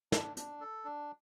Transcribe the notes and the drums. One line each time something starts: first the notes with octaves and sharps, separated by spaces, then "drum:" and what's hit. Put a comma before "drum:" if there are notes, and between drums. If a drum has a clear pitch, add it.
D4, drum: snare
D4, drum: hi-hat
A4
D4